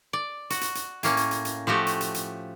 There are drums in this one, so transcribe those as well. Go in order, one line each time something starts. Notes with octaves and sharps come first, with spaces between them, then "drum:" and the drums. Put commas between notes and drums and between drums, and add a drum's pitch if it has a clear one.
D5
F#4, drum: hi-hat
drum: hi-hat
drum: hi-hat
A2 A#3 C#4, drum: hi-hat
drum: hi-hat
drum: hi-hat
drum: hi-hat
F3 A3 F#4 G4
drum: hi-hat
drum: hi-hat
drum: hi-hat